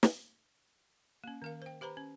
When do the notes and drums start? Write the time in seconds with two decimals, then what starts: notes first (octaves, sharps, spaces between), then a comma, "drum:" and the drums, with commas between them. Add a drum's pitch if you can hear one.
0.03 drum: snare
1.24 A#3 C#4
1.42 D#3 A#4 F5
1.62 C5 G5
1.81 G4 B4 C5 A#5 B5
1.97 C#4